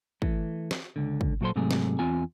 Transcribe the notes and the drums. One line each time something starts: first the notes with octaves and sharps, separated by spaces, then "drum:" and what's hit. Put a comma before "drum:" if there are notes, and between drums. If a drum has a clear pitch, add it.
E3 A3, drum: kick
drum: snare
C#2 D3
drum: kick
A#2 F#3 G3 A4 C5 C6
G#2 C3 F#3 A3 G#4
drum: snare
E2 C4 F4 G#5